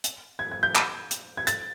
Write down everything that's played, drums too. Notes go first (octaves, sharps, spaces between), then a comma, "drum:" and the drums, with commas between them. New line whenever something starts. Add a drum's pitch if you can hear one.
drum: hi-hat
G#6
G#6
G6
drum: clap
drum: hi-hat
G#6
A6, drum: hi-hat